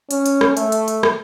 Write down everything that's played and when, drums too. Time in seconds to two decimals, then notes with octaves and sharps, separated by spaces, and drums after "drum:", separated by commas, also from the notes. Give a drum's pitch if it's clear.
0.11 C#4, drum: hi-hat
0.26 drum: hi-hat
0.41 drum: rim click
0.57 A3, drum: hi-hat
0.72 drum: hi-hat
0.88 drum: hi-hat
1.03 drum: rim click